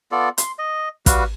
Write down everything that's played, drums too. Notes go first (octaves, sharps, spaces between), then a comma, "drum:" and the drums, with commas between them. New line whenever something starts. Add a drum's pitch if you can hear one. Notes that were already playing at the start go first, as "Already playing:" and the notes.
B3 F4 A4 D5
C6, drum: hi-hat
D#5
G3 F#4 B4 F5, drum: kick, hi-hat